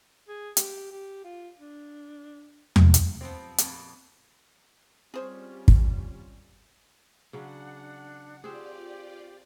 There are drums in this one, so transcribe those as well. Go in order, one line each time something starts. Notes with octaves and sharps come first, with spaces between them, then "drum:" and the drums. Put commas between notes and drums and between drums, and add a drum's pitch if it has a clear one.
G#4
G4, drum: hi-hat
G4
F4
D4
drum: tom E2
drum: hi-hat
F3 B3 C4 G4
F2 A#2 B3, drum: hi-hat
G3 C4 C#4 F4 G#4 C5 C#5
drum: kick
C#3 F#3 D4 F#5
C4 F4 G4 G#4 D5